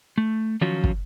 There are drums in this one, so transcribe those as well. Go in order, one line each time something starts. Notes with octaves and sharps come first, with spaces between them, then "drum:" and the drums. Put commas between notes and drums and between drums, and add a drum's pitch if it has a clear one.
A3
D#3 F3 F#3 C#4 F4 F#4
drum: kick